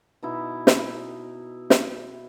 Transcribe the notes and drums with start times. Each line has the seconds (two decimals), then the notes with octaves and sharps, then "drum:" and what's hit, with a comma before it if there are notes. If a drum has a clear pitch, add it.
0.23 B2 D#4 E4
0.67 drum: snare
1.70 drum: snare